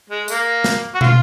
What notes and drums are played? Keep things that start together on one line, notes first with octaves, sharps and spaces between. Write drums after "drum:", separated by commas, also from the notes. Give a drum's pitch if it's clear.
G#3
A#3, drum: tambourine
drum: snare
F#4
F4, drum: tom